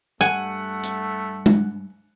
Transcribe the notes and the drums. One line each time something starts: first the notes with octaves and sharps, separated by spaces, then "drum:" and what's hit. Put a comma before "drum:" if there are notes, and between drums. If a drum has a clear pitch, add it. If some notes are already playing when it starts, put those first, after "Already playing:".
G2 A3 F#5 G#5, drum: hi-hat
drum: hi-hat
drum: tom